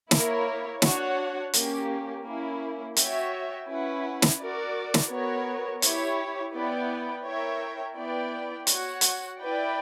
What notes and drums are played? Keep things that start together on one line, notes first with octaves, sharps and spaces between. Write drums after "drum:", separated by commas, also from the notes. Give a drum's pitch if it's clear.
A#3 E4 A#4 C#5, drum: snare
D4 F#4 C#5 F#5, drum: snare
A#3 C#4 G4, drum: hi-hat
A#3 C#4 E4
F#4 C#5 E5 G5, drum: hi-hat
C#4 E4 B4 F#5
drum: snare
F#4 A#4 D5
drum: snare
B3 F#4 A#4 C#5
E4 G4 C#5, drum: hi-hat
B3 E4 B4 D5 G5
E4 A#4 C#5 E5 G5
B3 E4 B4 D5 G5
F#4 C#5 F#5, drum: hi-hat
drum: hi-hat
E4 B4 D5 G5